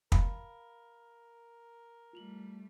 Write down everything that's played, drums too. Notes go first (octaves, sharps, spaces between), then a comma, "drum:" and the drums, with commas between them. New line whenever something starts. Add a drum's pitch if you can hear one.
A#4 F5 G5 B5, drum: kick
G3 A3 F4 F7 F#7